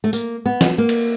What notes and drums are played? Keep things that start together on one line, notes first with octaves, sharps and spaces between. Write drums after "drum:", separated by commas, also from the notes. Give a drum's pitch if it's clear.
A3
A#3, drum: tambourine
B3
drum: snare
A#3
drum: cymbal